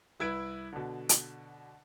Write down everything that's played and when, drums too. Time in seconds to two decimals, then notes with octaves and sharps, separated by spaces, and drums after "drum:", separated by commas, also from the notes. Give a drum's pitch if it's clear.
0.20 C2 E4 B4 G#6 D7
0.73 B2 D3
1.09 drum: hi-hat